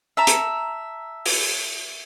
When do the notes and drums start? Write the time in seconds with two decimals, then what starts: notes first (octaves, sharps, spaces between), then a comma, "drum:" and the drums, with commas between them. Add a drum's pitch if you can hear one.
0.17 E5 A5 A#5
0.27 drum: hi-hat
1.26 drum: open hi-hat